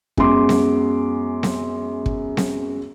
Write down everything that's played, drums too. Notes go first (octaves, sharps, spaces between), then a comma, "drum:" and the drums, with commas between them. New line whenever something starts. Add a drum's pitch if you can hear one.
F#2 G#3 B3 G#4 C6 D6, drum: kick
drum: snare C4
drum: snare C4
drum: kick
drum: snare C4